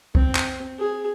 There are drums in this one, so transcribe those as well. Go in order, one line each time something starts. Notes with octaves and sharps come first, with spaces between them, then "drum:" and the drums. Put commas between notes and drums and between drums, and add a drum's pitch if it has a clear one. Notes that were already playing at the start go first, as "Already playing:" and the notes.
C4, drum: kick C2
drum: clap
G#4